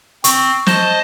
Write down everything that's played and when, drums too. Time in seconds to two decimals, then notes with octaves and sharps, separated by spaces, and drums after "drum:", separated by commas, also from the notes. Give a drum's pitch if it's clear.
0.24 C4 C#6, drum: hi-hat
0.66 C5 D#5 A5, drum: snare